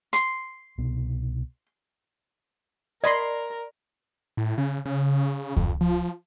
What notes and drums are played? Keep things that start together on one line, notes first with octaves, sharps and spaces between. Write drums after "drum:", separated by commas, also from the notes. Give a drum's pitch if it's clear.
C6, drum: hi-hat
C2 B2 B3
A#4 D5 D#5 B5 C6, drum: hi-hat
A2
C#3
C#3
F2, drum: kick C#2
F3